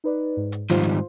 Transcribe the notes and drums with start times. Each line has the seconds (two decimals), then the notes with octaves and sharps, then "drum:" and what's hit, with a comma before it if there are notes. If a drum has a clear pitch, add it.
0.04 D#4 B4 D5
0.37 G#2
0.52 drum: hi-hat
0.70 G#2 D#3 G3 F4 C5, drum: tom F3
0.83 drum: hi-hat